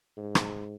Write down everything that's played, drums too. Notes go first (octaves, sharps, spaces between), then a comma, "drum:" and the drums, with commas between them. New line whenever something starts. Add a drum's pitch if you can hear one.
G#2
drum: rim click